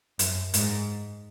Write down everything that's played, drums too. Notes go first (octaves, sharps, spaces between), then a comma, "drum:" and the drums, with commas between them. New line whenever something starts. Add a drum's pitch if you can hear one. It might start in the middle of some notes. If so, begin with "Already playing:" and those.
F#2, drum: hi-hat
G#2, drum: hi-hat